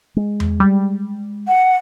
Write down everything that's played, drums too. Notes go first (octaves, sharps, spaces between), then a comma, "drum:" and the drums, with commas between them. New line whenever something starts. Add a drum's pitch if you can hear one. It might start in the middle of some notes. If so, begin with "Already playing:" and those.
G#3
drum: tom E2
G3
F#5